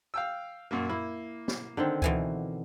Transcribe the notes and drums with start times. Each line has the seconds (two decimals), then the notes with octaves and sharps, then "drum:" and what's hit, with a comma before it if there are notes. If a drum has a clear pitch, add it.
0.14 F5 G5 E6
0.71 F#2 A#2 A#3
0.89 A#3 E4
1.48 drum: snare
1.77 D3 D#3 C4
2.02 B2 E3 G#5, drum: kick C#2